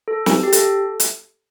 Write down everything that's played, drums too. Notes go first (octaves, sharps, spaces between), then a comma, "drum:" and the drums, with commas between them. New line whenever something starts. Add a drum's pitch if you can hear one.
A4
drum: snare
G4
A4, drum: hi-hat
drum: hi-hat